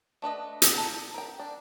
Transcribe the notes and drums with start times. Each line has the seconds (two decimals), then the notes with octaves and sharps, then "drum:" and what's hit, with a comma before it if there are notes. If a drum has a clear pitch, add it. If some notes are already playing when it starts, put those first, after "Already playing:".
0.22 A3 D4 B4 D#5
0.62 drum: hi-hat
0.75 A4 A#5
1.14 A#4 G5
1.39 D4